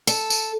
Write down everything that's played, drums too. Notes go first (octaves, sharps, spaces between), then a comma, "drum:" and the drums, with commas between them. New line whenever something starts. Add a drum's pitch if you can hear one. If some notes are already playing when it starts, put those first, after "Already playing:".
A4, drum: tambourine
drum: tambourine